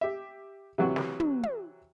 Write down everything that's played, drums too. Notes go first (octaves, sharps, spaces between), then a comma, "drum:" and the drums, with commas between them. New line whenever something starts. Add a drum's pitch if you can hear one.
G4 E5
C3 E3 F#3 F#4
drum: snare
drum: tom
drum: tom